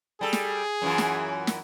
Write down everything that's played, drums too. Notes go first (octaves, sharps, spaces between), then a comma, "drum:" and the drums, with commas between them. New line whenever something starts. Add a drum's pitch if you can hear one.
G3 G#4 A4
drum: snare
F#2 E3 F4
drum: snare
drum: snare